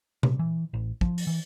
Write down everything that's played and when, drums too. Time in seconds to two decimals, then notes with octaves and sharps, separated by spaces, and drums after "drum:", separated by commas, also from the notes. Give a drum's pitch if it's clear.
0.23 C3, drum: tom A#2
0.39 E3
0.73 A1
1.01 F3, drum: kick
1.18 drum: open hi-hat
1.27 E3